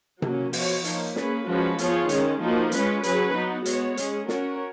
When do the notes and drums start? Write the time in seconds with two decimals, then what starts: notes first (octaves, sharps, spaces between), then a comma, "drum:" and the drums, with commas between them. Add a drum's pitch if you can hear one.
0.22 F#3 A#3 C#4, drum: tom C3
0.53 F3 B3 F#4 C#5, drum: open hi-hat
0.84 F3 A#3 D#4, drum: hi-hat
1.16 A#3 C#4 G#4 B4, drum: snare
1.47 F3 G#3 C#4 F#4 B4
1.79 F3 B3 F4 G#4 C#5, drum: hi-hat
2.09 D#3 G#3 C#4, drum: hi-hat
2.41 F3 A#3 D#4 F#4
2.72 G#3 C#4 F4 B4, drum: hi-hat
3.03 F#3 C#4 G#4 B4, drum: hi-hat
3.35 F#3 B3 D#4
3.65 G#3 B3 F#4 C#5, drum: hi-hat
3.97 G#3 C#4 G#4, drum: hi-hat
4.28 C#4 F#4 A#4 C#5, drum: snare